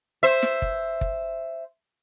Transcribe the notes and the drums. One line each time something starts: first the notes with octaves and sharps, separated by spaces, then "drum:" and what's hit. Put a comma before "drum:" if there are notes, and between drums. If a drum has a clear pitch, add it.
C5 E5
drum: snare
drum: kick
drum: kick